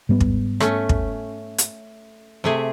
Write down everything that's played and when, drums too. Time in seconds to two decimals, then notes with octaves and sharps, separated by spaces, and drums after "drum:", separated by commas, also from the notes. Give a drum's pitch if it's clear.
0.09 G#2 G3 B3
0.20 drum: kick
0.60 A3 C#4, drum: rim click
0.89 drum: kick
1.58 drum: hi-hat
2.44 C3 A3 G#4